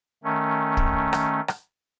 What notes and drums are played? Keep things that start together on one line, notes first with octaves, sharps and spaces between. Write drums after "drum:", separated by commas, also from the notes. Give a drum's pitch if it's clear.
D#3 A3 C#4
drum: kick
drum: rim click
drum: rim click